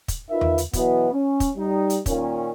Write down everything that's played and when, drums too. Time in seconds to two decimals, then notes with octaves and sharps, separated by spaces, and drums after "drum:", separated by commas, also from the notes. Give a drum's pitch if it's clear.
0.08 drum: kick, hi-hat
0.30 D#4 F4 A#4 B4 E5
0.41 drum: tom E2
0.58 drum: hi-hat
0.73 B2 E3 F#3 B3, drum: kick, hi-hat
1.11 C#4
1.40 drum: kick, hi-hat
1.57 G3 D#4
1.90 drum: hi-hat
2.06 A#2 D#3 C#4, drum: kick, hi-hat